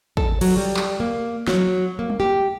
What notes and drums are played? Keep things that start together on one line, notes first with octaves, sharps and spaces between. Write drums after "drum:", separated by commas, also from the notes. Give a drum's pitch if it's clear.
A4, drum: kick
F#3, drum: cymbal
G3
drum: clap
A#3
F#3, drum: snare
A#3
drum: tom
G4